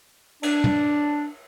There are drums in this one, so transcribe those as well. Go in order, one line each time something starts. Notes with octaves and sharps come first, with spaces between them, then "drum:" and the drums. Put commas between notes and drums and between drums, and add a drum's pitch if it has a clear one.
D4, drum: cymbal
drum: tom